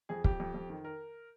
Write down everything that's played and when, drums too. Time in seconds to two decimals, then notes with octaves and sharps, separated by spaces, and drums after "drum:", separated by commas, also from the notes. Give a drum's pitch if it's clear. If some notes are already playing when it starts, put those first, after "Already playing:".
0.09 F2 G#4
0.24 F2 G4, drum: kick
0.40 F2
0.54 F2
0.70 D#3
0.85 A#4